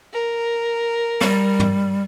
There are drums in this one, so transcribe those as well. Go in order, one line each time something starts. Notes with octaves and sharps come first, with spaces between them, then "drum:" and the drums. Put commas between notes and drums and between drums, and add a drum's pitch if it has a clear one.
A#4
G3, drum: rim click
drum: tom